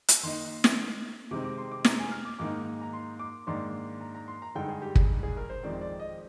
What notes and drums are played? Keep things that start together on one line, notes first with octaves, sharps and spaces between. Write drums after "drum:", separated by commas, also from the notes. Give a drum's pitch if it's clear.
drum: hi-hat
D#3 A#3 D#4 C6
drum: snare
C3 D#3 G#3 C4 D#4 D6
D6
C6
D6
A#5, drum: snare
G#5
F6
D6
G#2 D#3 A#3 D#4 D6
A#5
C6
D6
G#2 D#3 A#3 D4 C6
A#5
A#5
C6
A#5
G2 D3 G#3 D#4 G5
G#4
G4
G#4, drum: kick
G#4
A#4
C5
F2 D#3 G#3 C4 D5
D5
D#5